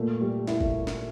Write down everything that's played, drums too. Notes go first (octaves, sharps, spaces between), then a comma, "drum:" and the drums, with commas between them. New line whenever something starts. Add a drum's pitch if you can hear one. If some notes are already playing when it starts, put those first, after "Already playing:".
Already playing: A#2 A3
G3
E4, drum: snare
drum: kick F#1
drum: snare